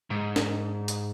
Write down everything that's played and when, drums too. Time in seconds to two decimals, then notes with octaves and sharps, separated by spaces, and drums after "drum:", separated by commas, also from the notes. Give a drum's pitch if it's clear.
0.10 G#2
0.36 drum: snare
0.88 drum: hi-hat